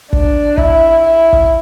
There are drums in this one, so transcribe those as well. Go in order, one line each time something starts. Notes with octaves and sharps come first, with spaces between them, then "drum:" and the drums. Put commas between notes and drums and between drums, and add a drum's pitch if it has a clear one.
D4, drum: kick
E4, drum: kick
E4
drum: kick